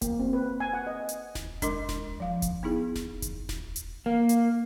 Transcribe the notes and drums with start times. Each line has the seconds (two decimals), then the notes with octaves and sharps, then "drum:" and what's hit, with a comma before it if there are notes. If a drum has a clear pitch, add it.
0.01 A#3, drum: kick F1, hi-hat
0.19 C4
0.33 B4
0.60 G#5
0.73 F#5
0.87 D#5
1.09 drum: hi-hat
1.35 drum: snare D#1
1.62 G#3 D4 A#4 D#5 C6 D6, drum: kick F1, hi-hat
1.89 drum: snare D#1
2.20 F3 F5
2.42 drum: kick F1, hi-hat
2.63 B3 D#4 E4 G#4
2.96 drum: snare D#1
3.22 drum: kick F1, hi-hat
3.49 drum: snare D#1
3.76 drum: hi-hat
4.06 A#3
4.29 drum: hi-hat